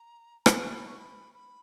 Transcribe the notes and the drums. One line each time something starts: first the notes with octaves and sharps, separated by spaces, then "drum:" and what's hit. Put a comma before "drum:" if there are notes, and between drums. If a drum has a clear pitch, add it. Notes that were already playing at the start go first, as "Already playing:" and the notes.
Already playing: A#5
B5, drum: rim click
C#6
B5
C#6
B5
B5